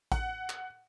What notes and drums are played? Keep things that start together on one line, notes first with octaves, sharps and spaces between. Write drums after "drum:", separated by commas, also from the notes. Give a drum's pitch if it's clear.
F#5, drum: kick A1, hi-hat
drum: clap